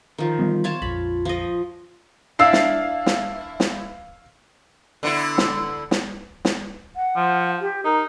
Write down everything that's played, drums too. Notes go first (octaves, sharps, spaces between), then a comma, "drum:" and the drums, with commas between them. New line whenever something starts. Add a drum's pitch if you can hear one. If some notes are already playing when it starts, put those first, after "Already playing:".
D#3 F3
E3 G3 B3
F4 C#5 A5
A#1 F2 B5
F3 D#5
D4 E4 F5 E6 C7
drum: snare
drum: snare
drum: snare
D3 B3 E4
drum: snare
drum: snare
drum: snare
F#5
F3
G4
D#4 A#4